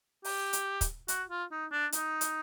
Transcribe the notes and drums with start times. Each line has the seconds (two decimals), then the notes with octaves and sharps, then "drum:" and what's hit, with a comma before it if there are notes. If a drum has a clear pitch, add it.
0.24 G4, drum: open hi-hat
0.53 drum: hi-hat
0.81 drum: kick, hi-hat
1.08 F#4, drum: hi-hat
1.29 F4
1.51 D#4
1.72 D4
1.92 D#4, drum: hi-hat
2.21 drum: hi-hat